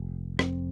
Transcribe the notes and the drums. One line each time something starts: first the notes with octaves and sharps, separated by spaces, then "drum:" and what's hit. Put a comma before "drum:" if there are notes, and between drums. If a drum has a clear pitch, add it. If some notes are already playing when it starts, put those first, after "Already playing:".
Already playing: F1
F2 C4, drum: rim click